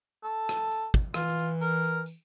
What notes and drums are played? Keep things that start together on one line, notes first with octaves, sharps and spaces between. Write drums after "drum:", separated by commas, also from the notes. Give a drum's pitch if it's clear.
A4
drum: rim click
drum: tambourine
drum: kick, tambourine
E3 F4, drum: rim click
drum: tambourine
A#4, drum: tambourine
drum: tambourine
drum: tambourine